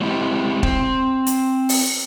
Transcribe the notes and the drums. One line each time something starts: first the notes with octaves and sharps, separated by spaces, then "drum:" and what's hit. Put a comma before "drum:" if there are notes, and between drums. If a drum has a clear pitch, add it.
F#3 G#3 C4 E4 G4
C4, drum: kick
drum: hi-hat
drum: open hi-hat